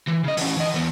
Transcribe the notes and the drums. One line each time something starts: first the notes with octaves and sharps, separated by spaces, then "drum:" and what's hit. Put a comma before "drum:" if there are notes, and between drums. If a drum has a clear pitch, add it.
E3
C#3 D#5
E3 C#4, drum: open hi-hat
E3 D#5
E3 B3